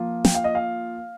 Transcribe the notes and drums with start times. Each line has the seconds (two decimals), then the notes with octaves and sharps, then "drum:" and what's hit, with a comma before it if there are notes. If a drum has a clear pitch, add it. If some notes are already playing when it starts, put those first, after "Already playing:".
Already playing: F3 A#3 F4
0.25 G5, drum: snare
0.35 F5
0.44 D#5
0.55 F5